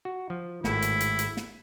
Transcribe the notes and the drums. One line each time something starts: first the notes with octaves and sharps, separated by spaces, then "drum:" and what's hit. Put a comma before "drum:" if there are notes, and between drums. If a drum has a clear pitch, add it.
F#4
F3
G#1 A2 E4, drum: snare
drum: hi-hat
drum: hi-hat
drum: hi-hat
drum: snare